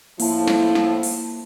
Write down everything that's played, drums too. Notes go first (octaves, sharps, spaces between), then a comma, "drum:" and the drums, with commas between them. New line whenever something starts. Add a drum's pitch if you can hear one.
A2 F3 A#3 E4 A5, drum: open hi-hat
drum: snare
drum: snare
drum: open hi-hat